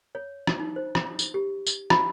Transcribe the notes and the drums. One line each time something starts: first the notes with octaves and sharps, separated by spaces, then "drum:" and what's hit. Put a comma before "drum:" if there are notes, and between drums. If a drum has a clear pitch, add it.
C#5
drum: rim click
D#4
C5
drum: rim click
drum: tambourine
G4
drum: tambourine
B5, drum: rim click